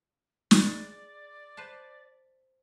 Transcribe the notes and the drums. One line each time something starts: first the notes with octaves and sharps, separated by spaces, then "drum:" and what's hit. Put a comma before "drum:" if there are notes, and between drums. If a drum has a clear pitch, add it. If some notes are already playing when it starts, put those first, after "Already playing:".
G#4 D5, drum: snare
B4 C5 A5